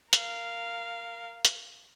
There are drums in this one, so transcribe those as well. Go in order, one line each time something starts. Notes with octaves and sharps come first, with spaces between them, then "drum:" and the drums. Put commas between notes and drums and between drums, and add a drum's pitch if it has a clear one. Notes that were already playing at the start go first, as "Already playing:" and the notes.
A#4 F5, drum: hi-hat
drum: hi-hat